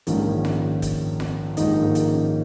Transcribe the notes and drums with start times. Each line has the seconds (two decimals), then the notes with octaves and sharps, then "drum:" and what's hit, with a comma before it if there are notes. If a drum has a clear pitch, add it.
0.07 A#1 G#2 D#3 C#4, drum: hi-hat
0.45 drum: snare F4
0.82 drum: kick, hi-hat
1.20 drum: snare F4
1.57 A#1 G#2 D#3 D#4, drum: hi-hat
1.83 A#3
1.95 drum: hi-hat
2.08 C#4